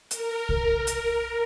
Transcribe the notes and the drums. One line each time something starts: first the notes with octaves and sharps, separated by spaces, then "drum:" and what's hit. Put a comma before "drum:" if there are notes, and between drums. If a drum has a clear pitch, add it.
A#4, drum: hi-hat
drum: kick C2
drum: hi-hat